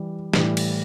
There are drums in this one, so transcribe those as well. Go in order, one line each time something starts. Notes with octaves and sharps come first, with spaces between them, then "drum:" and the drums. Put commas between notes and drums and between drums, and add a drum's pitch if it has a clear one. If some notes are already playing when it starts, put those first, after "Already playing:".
Already playing: E3 G3
A2 E3 G3, drum: snare
drum: cymbal